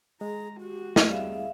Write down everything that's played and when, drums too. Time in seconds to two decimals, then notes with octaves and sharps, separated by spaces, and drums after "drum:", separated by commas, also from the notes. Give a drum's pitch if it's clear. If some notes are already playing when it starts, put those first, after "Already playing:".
0.21 G#3 G#4 A#5
0.60 F#4 G4
0.96 drum: snare
1.09 G3 C4 G#4 E5 F5